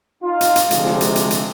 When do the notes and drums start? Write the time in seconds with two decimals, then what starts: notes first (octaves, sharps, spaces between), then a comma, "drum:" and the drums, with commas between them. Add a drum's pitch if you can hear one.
0.23 D#4 F4
0.41 drum: hi-hat
0.56 drum: hi-hat
0.71 D2 C3 F3 G#3, drum: hi-hat
0.86 drum: snare
1.01 drum: hi-hat
1.16 drum: hi-hat
1.31 drum: hi-hat